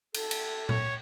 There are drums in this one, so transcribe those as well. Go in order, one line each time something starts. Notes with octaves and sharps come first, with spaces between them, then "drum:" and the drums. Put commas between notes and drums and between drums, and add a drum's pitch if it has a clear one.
A4, drum: cymbal
drum: cymbal
C#5, drum: tom A#2